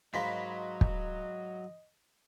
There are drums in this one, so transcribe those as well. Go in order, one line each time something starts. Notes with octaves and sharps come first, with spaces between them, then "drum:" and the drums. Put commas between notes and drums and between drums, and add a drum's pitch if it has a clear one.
G#2 F#3 A#3 D#5 B5 C6 B6
drum: kick